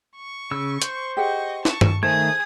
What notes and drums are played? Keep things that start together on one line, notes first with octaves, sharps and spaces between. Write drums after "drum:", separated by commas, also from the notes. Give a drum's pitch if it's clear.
C#6
C#3 E6
C5, drum: hi-hat
G4 G#4 D#5 F#5 C#6
A5 C#6, drum: snare
drum: tom G2
D#3 A3 G#4 C5 A5 D#6 G#6